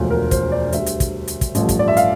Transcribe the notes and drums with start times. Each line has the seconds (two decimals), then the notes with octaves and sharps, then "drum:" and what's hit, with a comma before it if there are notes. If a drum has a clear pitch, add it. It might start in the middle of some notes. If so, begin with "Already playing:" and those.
Already playing: E1 D2 D3 F3
0.10 A#4
0.31 C5, drum: kick, hi-hat
0.52 D5
0.72 D2 D3 G3 E5, drum: hi-hat
0.86 drum: hi-hat
1.00 drum: kick, hi-hat
1.28 drum: hi-hat
1.41 drum: kick, hi-hat
1.55 A1 G2 F3 A3, drum: hi-hat
1.69 drum: kick, hi-hat
1.79 D5
1.88 E5
1.97 F5, drum: hi-hat